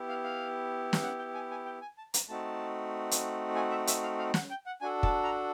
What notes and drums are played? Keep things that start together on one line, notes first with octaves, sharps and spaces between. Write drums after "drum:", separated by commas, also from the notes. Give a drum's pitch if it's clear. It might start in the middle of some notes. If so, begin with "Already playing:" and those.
Already playing: B3 E4 G4
F5
F5
drum: snare
F#5
G5
G#5
G#5
G5
G#5
A5
A#5, drum: hi-hat
A3 C4 D#4 F#4 A5
drum: hi-hat
G#5
E5
E5, drum: hi-hat
F5
F5
F#5, drum: snare
G5
F#5
D4 F#4 A4 G#5
A5, drum: kick
A#5